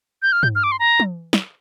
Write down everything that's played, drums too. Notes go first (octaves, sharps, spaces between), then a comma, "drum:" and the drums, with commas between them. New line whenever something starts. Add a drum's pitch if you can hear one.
G6
F6
G6, drum: tom
F6
D6
C6
A#5
drum: tom
drum: snare